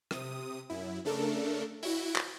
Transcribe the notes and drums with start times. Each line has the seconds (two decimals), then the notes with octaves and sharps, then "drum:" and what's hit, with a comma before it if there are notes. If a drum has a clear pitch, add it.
0.11 C3 D#6, drum: rim click
0.70 F#2 E4
1.05 C#3 A3 D4 A4 A#4
1.83 E4 F#4, drum: open hi-hat
2.16 drum: clap